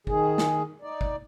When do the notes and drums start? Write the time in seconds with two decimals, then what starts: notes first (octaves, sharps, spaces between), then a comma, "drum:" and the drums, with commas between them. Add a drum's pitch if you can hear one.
0.07 D#3 G#4, drum: kick
0.38 drum: snare
0.82 D#4 D5
1.01 drum: kick